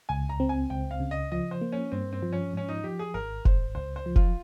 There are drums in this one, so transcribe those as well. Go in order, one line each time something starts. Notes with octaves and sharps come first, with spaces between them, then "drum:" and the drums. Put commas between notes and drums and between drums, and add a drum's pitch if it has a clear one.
C#2 G#5
A#5
C4
G#5
C#2 G5
F5
C#3
D#5
F3 D#5
C5
A#3
C#4
G2 C4
C4
F3
C#4
G#2 C#4
D#4
F3 G4
G#4
G#1 A#4
G#1 C5, drum: kick F1
C#2 C5
C5
F3
F4, drum: kick F1